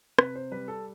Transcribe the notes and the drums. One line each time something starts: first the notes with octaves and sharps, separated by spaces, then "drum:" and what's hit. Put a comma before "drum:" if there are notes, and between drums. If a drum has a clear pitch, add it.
C3 B4, drum: rim click
C5
G3 B4
A4